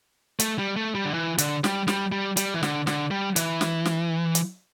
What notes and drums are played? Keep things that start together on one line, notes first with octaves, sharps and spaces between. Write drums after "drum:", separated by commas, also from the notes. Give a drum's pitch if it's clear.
A3, drum: hi-hat
G3
A3
G3
D3
E3
D3, drum: hi-hat
G3, drum: snare
G3, drum: snare
G3
G3, drum: hi-hat
E3
D3, drum: snare
D3, drum: snare
G3
E3, drum: hi-hat
drum: snare
drum: snare
drum: hi-hat